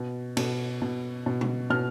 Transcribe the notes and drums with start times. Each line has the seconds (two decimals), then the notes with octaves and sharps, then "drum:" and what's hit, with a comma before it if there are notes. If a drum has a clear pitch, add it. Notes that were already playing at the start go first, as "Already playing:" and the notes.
Already playing: B2
0.37 B2, drum: cymbal
0.82 B2
1.26 B2
1.41 drum: tom B2
1.70 B2 F6